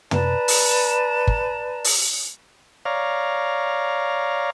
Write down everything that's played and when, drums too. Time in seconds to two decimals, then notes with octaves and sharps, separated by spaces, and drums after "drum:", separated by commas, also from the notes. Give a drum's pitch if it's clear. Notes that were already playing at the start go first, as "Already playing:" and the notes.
0.11 B4 D5 A5 A#5, drum: tom
0.48 drum: open hi-hat
1.27 drum: kick
1.84 drum: open hi-hat
2.85 C#5 D5 F5 A#5